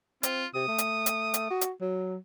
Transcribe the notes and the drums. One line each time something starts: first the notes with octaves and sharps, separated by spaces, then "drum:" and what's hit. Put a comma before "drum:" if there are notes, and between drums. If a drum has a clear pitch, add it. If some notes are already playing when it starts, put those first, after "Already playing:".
C4 F4, drum: hi-hat
C3 D#6
A3
drum: hi-hat
drum: hi-hat
drum: hi-hat
F#4
drum: hi-hat
F#3